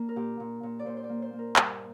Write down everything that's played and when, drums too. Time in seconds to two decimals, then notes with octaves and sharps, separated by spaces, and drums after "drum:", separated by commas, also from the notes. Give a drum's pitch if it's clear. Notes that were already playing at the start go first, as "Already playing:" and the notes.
Already playing: A#3 D4
0.09 A#4
0.16 A#2 G4
0.40 A#2
0.63 A#2
0.79 D5
0.86 A#2 C5
0.97 C5
1.04 D5
1.09 A#3
1.22 C5
1.33 A#3
1.39 A#4
1.56 G2 C5, drum: clap